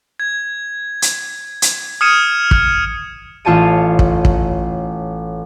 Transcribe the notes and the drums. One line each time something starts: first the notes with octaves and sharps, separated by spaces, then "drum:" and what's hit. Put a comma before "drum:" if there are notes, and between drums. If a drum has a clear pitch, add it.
G#6
drum: hi-hat
drum: hi-hat
D#6 F6 G#6 C#7 D#7 E7
drum: kick
A1 F4 C#5 A5 D#7
drum: kick
drum: kick